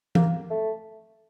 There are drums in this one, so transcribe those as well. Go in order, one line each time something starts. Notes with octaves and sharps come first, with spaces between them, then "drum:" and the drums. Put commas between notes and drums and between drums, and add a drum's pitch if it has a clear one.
A#3, drum: tom E3
A3